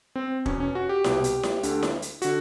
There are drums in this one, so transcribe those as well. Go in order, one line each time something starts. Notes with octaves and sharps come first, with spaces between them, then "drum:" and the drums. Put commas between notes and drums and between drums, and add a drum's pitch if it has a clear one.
C4
E2 B2 C#4, drum: kick
C#4
F#4
G4
C2 B2, drum: snare E4
drum: hi-hat
drum: snare E4
D2 D3, drum: hi-hat
drum: snare E4
drum: hi-hat
D3 F#4, drum: hi-hat